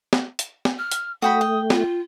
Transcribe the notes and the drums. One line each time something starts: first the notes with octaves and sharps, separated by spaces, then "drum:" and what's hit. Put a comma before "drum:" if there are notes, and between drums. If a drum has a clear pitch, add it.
drum: snare
drum: hi-hat
drum: snare
F6
drum: hi-hat
A3 F#4 G5 B5 D#6
G5
F4, drum: snare